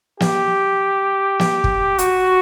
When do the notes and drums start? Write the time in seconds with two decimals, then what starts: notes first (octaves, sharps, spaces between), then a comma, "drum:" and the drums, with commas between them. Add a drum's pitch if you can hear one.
0.20 G4, drum: snare
1.40 drum: snare
1.64 drum: kick
1.99 F#4, drum: hi-hat